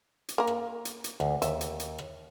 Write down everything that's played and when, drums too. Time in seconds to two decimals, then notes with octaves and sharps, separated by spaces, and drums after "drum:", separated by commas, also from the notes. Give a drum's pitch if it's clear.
0.29 drum: hi-hat
0.38 A#3 A#4
0.47 drum: rim click
0.85 drum: hi-hat
1.04 drum: hi-hat
1.20 D2, drum: rim click
1.42 D#2 E5, drum: hi-hat
1.61 drum: hi-hat
1.80 drum: hi-hat
1.98 drum: rim click